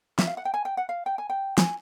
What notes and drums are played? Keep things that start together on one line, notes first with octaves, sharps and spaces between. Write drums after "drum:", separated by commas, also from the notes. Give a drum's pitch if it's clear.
E5, drum: snare
F5
F#5
G5
G#5
G5
F#5
F5
G5
G#5
G5
G#5, drum: snare